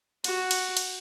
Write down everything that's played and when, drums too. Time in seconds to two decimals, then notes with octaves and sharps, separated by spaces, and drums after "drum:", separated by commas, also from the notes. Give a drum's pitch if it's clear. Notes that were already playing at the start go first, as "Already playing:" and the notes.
0.24 F#4, drum: cymbal
0.51 drum: cymbal
0.77 drum: cymbal